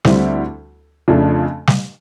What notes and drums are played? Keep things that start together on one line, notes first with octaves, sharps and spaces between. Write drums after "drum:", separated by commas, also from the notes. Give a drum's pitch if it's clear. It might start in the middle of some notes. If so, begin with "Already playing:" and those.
D2 D3 G3 C4 E4, drum: snare
F2 C#3 F3 A3 D4
drum: snare